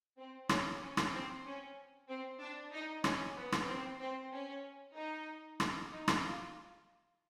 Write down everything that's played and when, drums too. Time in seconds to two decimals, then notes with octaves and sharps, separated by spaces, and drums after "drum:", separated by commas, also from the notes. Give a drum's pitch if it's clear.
0.18 C4
0.49 C#4, drum: rim click
0.81 C#4
0.97 drum: rim click
1.13 C4
1.46 C#4
2.09 C4
2.40 D4
2.73 D#4
3.04 C#4, drum: rim click
3.37 B3
3.52 drum: rim click
3.68 C4
4.00 C4
4.32 C#4
4.96 D#4
5.60 drum: rim click
5.92 D#4
6.08 drum: rim click
6.24 F4